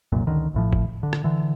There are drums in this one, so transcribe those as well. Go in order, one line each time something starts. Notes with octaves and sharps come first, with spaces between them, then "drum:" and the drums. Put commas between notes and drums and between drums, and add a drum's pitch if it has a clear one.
F1 C2 F#2 A#2
C#2 D3 D#3
A#1 A2 F3
drum: kick
D3
drum: rim click
D3 E3